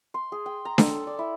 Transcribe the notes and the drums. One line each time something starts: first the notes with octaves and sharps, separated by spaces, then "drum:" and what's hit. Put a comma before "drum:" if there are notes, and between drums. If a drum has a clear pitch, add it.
C6
G#4
G5
A#5
A4, drum: snare D4
D5
E4